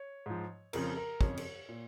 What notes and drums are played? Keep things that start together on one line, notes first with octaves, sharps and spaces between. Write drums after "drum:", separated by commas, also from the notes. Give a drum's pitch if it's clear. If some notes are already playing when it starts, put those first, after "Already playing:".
Already playing: C#5
G#2 F3
F2 C#3 F3 A#4, drum: cymbal
A#4
F2 C#3 F3 C#5, drum: kick
drum: cymbal
A#2